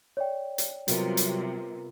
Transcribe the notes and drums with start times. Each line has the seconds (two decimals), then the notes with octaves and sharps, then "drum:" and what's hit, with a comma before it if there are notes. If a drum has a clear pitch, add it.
0.17 C#5 D5 G5
0.58 drum: hi-hat
0.88 C3 F#3 G3 B3 F4 A#4, drum: hi-hat
1.17 drum: hi-hat